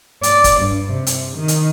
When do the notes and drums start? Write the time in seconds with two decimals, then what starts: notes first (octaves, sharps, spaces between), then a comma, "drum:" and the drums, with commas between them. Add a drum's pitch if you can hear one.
0.23 D5, drum: hi-hat
0.44 drum: kick, hi-hat
0.61 G2
0.92 C3
1.07 drum: hi-hat
1.36 D#3
1.48 drum: hi-hat